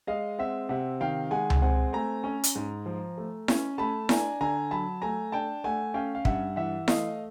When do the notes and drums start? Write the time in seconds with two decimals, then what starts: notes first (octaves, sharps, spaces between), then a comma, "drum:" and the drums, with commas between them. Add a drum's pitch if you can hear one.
0.07 G#3 D#5 F5
0.38 C4 E5 F#5
0.69 C3 E5 F#5
1.01 D#3 F5 G5
1.31 G#3 F#5 G#5
1.50 drum: tom C#2
1.62 C4 F#5 G#5
1.93 A3 G#5 A#5
2.24 C#4
2.44 drum: hi-hat
2.55 G#2
2.86 F3
3.17 A3
3.48 C#4, drum: snare E4
3.78 A3 A5 B5
4.09 D4 G#5 A#5, drum: snare E4
4.41 D3 G#5 A#5
4.71 F#3 A5 B5
5.02 A3 G#5 A#5
5.32 D4 G5 A5
5.64 A3 F#5 G#5
5.94 C#4 F5 G5
6.15 F5
6.25 G2 E5 F#5, drum: kick
6.56 E3 E5 F#5
6.88 A3 D#5 F5, drum: snare E4